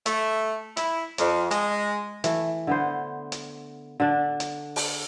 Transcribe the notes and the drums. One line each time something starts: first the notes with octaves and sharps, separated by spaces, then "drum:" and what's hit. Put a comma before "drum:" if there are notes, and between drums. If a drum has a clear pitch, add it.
A3, drum: hi-hat
E4, drum: hi-hat
F2, drum: hi-hat
G#3, drum: hi-hat
E3 A3, drum: hi-hat
D3 B3 C5
drum: hi-hat
D3 D4
drum: hi-hat
drum: open hi-hat